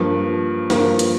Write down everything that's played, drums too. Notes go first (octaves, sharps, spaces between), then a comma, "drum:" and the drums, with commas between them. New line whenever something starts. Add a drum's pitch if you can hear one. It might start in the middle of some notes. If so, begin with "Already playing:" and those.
Already playing: G2 F3 A#3
G2 F3 A#3, drum: snare
drum: hi-hat